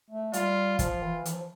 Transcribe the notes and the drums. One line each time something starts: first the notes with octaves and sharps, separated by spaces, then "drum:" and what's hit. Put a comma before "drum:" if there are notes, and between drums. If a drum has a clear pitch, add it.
A3
G3 F4, drum: hi-hat
F3 F4, drum: kick, hi-hat
E3
E3, drum: hi-hat
F3